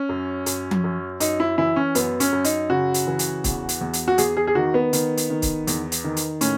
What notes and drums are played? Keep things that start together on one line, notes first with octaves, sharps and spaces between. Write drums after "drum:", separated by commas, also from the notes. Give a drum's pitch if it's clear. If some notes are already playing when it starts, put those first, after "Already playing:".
Already playing: C#4
F#2
F#2, drum: hi-hat
drum: tom F3
F#2
F#2 D#4, drum: hi-hat
E4
E3 E4
C#4
F#2 B3, drum: hi-hat
C#4, drum: hi-hat
F#2
D#4, drum: hi-hat
C#3 F#4
drum: hi-hat
E3
drum: hi-hat
E2, drum: kick C#1, hi-hat
drum: hi-hat
E2
drum: hi-hat
F#4
E2 G#4, drum: hi-hat
G#4
G#4
D#3 F#4
B3
D#3, drum: hi-hat
drum: hi-hat
D#3
drum: kick C#1, hi-hat
E2, drum: hi-hat
drum: hi-hat
D#3
drum: hi-hat
A2 C#4, drum: hi-hat